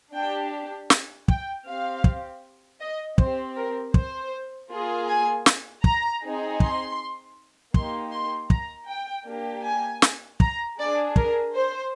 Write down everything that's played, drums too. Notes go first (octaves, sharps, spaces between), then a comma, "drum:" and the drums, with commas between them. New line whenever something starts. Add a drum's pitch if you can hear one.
D4 G4 G5
drum: snare
G5, drum: kick
C4 G4 F5
drum: kick
D#5
C4 G4 C5, drum: kick
A#4
C5, drum: kick
A#3 F4 G#4
G#5
drum: snare
A#5, drum: kick
C4 D#4 G#4
C6, drum: kick
A#3 D#4 G4 C6, drum: kick
C6
A#5, drum: kick
G5
A#3 D4 G4
G#5
drum: snare
A#5, drum: kick
D4 G#4 D5
A#4, drum: kick
C5